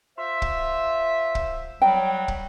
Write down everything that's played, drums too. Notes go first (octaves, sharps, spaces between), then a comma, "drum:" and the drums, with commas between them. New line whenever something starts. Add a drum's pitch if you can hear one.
F4 C5 E5
drum: kick
drum: kick
F#3 G3 G5
drum: kick